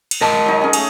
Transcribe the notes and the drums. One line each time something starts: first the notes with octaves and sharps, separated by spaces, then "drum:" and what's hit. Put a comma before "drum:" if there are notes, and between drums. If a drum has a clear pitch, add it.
drum: cymbal
A#4 D#5 A5
F#3 D#4
C#4 G#4
A3 G#4, drum: cymbal